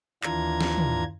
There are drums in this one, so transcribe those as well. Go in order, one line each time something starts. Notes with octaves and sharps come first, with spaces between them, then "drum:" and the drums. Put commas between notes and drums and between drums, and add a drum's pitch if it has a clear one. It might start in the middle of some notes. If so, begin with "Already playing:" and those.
D#2 E3 D4 F4 A#5 G#6, drum: clap
drum: snare
drum: tom